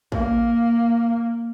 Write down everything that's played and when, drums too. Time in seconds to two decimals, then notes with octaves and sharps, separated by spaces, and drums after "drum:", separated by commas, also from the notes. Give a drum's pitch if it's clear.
0.12 A#3, drum: kick